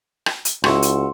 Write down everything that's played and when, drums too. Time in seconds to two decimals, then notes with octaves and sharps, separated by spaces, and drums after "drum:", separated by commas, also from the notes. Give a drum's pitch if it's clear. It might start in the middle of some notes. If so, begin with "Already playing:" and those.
0.26 drum: rim click
0.45 drum: hi-hat
0.64 C#2 E4 F#4 C6 C#6, drum: rim click
0.82 drum: hi-hat